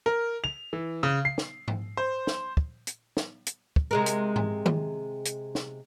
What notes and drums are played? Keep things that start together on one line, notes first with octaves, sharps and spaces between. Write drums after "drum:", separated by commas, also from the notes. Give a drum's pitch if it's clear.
A#4
F7
E3
C#3
C7
drum: snare
drum: tom G#2
C5
drum: snare
drum: kick
drum: hi-hat
drum: snare
drum: hi-hat
drum: kick
C3 G#3 A#4
drum: hi-hat
drum: tom G#2
drum: tom D#3
drum: hi-hat
drum: snare